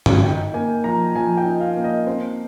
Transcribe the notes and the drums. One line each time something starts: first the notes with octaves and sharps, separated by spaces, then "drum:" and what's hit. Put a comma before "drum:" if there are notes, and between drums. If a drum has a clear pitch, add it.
drum: tom
D#4 G5
A#3 G#5
F3 A#5
F3 G#5
G5
D#4
F5
A#3
D#5
C4 C5